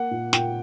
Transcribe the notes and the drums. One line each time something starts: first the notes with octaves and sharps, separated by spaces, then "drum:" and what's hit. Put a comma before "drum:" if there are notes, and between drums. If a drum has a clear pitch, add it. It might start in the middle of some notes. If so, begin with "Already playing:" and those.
Already playing: A#3 F#5
A#2
A#2 G5, drum: snare